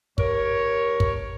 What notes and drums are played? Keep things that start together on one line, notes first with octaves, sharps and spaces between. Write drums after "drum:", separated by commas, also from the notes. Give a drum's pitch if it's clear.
G2 A#4 C#5, drum: kick
drum: kick